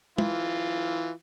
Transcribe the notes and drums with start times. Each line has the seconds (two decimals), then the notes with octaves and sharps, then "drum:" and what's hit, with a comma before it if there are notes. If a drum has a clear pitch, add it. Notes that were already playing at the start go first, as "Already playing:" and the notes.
0.18 E3 F4, drum: tom